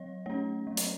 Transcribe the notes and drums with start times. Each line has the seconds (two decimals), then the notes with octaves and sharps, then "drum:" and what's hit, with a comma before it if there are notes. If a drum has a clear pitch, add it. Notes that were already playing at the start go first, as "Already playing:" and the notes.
Already playing: F#3 C#5
0.26 A3 C#4 C#5
0.67 F#3
0.77 drum: hi-hat